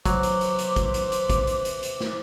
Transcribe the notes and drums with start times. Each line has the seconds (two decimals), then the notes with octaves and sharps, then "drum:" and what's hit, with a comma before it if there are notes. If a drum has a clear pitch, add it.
0.05 F#3 B4 C5 E5 D6, drum: kick, hi-hat
0.23 drum: hi-hat
0.41 drum: hi-hat
0.59 drum: hi-hat
0.76 drum: kick, hi-hat
0.94 drum: hi-hat
1.12 drum: hi-hat
1.30 drum: kick, hi-hat
1.47 drum: hi-hat
1.65 drum: hi-hat
1.83 drum: hi-hat
2.00 drum: snare